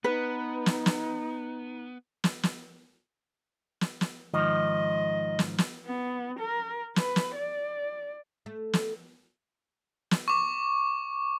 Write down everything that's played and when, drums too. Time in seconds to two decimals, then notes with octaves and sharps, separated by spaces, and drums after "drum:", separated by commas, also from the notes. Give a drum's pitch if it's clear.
0.04 B3 D#4 B4
0.66 drum: snare
0.86 drum: snare
2.24 drum: snare
2.43 drum: snare
3.81 drum: snare
4.01 drum: snare
4.34 G#2 D#3 F3 D#5
5.39 drum: snare
5.58 drum: snare
5.86 B3
6.39 A#4
6.96 B4, drum: snare
7.16 drum: snare
7.35 D5
8.46 A3
8.73 drum: snare
10.11 drum: snare
10.28 C#6 D6